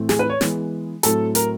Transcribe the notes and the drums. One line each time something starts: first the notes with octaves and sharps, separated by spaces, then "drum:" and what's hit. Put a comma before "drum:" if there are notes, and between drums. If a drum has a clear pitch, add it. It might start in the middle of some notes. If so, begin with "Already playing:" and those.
Already playing: A2 E3 A3 C4
G#4, drum: snare
B4
C#5
E3 G#3 B3, drum: snare
A2 F#3 A3 C4 A4, drum: hi-hat
A#4, drum: hi-hat